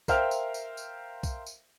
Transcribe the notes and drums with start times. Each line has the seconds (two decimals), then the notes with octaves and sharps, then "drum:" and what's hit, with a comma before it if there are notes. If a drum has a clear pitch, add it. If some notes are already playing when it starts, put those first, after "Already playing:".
0.08 A#4 C5 E5 F5 G5 F6, drum: kick B1, tambourine
0.31 drum: tambourine
0.54 drum: tambourine
0.77 drum: tambourine
1.23 drum: kick B1, tambourine
1.46 drum: tambourine